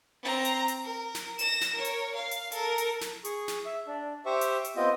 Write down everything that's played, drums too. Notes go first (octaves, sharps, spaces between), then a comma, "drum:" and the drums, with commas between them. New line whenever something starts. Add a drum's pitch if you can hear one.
C4 A#5
drum: hi-hat
drum: hi-hat
A#4
drum: snare
A#6 E7, drum: hi-hat
drum: snare
A#4 C#5
drum: hi-hat
F5
drum: hi-hat
A4 A#4, drum: hi-hat
drum: hi-hat
drum: snare
G#4 C#6, drum: hi-hat
drum: snare
E5
D4
G4 C5 E5 G5 C#6
drum: hi-hat
drum: hi-hat
B3 C4 F4 D#5 G5